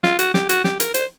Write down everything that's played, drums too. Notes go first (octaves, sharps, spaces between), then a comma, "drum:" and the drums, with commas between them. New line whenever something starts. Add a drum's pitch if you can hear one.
F4, drum: snare
F#4, drum: hi-hat
G4, drum: snare
F#4, drum: hi-hat
G4, drum: snare
A#4, drum: hi-hat
C5, drum: hi-hat